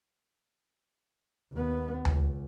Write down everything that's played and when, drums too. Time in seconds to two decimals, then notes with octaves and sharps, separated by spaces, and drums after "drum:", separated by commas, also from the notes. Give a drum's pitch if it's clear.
1.52 D#2 B3
2.05 C#2, drum: tom D2